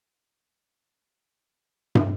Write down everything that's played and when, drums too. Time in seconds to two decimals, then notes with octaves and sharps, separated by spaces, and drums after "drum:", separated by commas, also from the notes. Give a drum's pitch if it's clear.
0.13 G#3 A3
1.95 drum: tom